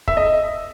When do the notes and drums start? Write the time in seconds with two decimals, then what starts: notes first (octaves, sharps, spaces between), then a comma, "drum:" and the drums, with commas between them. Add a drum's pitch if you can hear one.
0.08 E5, drum: kick
0.17 D#5